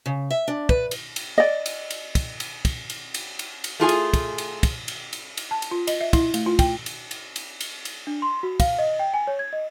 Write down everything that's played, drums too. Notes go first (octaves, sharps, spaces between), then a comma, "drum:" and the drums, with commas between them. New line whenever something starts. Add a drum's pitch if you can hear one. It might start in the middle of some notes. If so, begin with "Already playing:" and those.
C#3
E5
D4
B4, drum: kick
drum: cymbal
drum: cymbal
D5 D#5
drum: cymbal
drum: cymbal
drum: kick, cymbal
drum: cymbal
drum: kick, cymbal
drum: cymbal
drum: cymbal
drum: cymbal
drum: cymbal
A3 F4 G#4 G#5
drum: cymbal
drum: kick, cymbal
drum: cymbal
drum: kick, cymbal
drum: cymbal
drum: cymbal
drum: cymbal
A5
drum: cymbal
F4
D#5, drum: cymbal
E5
E4, drum: kick, cymbal
A3, drum: cymbal
F4
G5, drum: kick, cymbal
drum: cymbal
drum: cymbal
drum: cymbal
drum: cymbal
drum: cymbal
D4
C6
F#4
F5, drum: kick, cymbal
D#5
G5
G#5
C#5
G#6
D#5